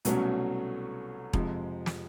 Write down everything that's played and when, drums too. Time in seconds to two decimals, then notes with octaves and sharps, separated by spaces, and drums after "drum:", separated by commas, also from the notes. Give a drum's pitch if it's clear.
0.05 C2 B2 F#3 A3 C#4, drum: hi-hat
1.33 F2 C3 F3 G#3, drum: kick E1
1.86 drum: snare